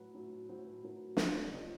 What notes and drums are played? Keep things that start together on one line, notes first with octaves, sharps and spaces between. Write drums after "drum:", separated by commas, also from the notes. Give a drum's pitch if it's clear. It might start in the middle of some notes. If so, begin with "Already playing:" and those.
Already playing: A2 F#3 B4
A2 F#3
A2 F#3 C5
B4
A2 F#3 A#4
C3 F3 B4, drum: snare
C5
C#5
D5
C3 F3 D#5